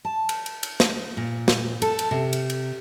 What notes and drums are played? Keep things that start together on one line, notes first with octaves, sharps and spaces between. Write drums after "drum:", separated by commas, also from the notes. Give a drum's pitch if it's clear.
A5
drum: cymbal
drum: cymbal
drum: cymbal
drum: snare
A#2
drum: snare
A4, drum: cymbal
drum: cymbal
C3
drum: cymbal
drum: cymbal